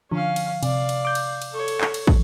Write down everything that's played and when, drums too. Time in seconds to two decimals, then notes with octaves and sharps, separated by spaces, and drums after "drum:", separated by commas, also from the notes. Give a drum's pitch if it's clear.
0.11 D3 F3 C#4 F5
0.36 drum: cymbal
0.63 C3 D5 F5, drum: cymbal
0.89 drum: cymbal
1.05 D6 G6
1.15 drum: cymbal
1.42 drum: cymbal
1.52 A4 C#5
1.68 drum: cymbal
1.81 drum: clap
1.94 drum: cymbal
2.07 drum: kick